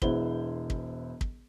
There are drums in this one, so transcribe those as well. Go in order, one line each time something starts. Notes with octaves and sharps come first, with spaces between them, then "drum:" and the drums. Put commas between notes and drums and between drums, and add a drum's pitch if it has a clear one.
E1 B3 E4 C5 G7, drum: kick
drum: kick
drum: kick